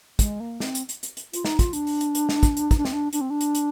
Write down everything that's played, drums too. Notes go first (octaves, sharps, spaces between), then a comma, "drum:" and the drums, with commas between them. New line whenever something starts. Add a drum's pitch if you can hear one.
G#3, drum: kick, hi-hat
A#3
C4, drum: snare
drum: hi-hat
drum: hi-hat
drum: hi-hat
drum: hi-hat
F4, drum: hi-hat
D#4, drum: snare
F4, drum: kick, hi-hat
D4, drum: hi-hat
drum: open hi-hat
drum: hi-hat
drum: hi-hat
drum: snare
drum: kick, hi-hat
drum: hi-hat
D#4, drum: kick, hi-hat
D4
C4, drum: snare
D4
D4, drum: hi-hat
C4
D4
drum: hi-hat
drum: hi-hat